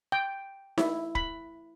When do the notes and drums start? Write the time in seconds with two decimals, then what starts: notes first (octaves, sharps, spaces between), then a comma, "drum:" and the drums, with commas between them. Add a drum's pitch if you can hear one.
0.12 G5
0.78 E4, drum: snare D#4
1.15 B5, drum: kick